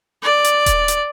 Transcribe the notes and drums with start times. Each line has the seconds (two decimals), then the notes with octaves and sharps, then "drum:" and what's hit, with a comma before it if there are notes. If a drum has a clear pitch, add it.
0.23 D5
0.44 drum: hi-hat
0.66 drum: kick D#1, hi-hat
0.88 drum: hi-hat